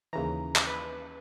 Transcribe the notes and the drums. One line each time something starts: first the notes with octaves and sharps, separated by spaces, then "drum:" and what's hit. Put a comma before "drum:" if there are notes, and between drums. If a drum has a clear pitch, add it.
D#2 C#3 E3 A#5
drum: clap
B4